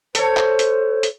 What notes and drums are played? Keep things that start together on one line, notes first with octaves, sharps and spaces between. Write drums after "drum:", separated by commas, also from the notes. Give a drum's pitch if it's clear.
A4 C5 C#5, drum: hi-hat
drum: clap
drum: hi-hat
drum: hi-hat